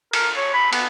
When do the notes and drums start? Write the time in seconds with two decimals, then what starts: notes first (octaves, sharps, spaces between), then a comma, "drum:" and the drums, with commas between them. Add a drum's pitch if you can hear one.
0.13 A#4, drum: cymbal
0.37 C#5
0.54 B5
0.73 B3, drum: cymbal